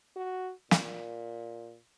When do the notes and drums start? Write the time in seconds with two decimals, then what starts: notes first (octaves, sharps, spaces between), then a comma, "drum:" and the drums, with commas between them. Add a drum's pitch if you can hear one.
0.16 F#4
0.71 A#2, drum: snare